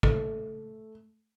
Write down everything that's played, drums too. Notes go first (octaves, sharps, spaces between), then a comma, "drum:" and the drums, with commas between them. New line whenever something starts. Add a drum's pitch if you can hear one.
A3, drum: kick